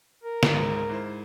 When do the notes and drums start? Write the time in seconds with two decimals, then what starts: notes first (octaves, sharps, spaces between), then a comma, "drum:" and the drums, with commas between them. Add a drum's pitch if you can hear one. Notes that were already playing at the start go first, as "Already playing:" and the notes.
0.24 A#4
0.43 drum: snare
0.53 G#1 C#2 G#2
0.89 G#2 E4 C5